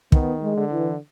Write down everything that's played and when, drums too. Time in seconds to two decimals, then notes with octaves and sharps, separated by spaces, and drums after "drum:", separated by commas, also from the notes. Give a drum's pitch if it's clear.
0.12 D#3 B3, drum: kick
0.43 G#3
0.57 D3
0.71 E3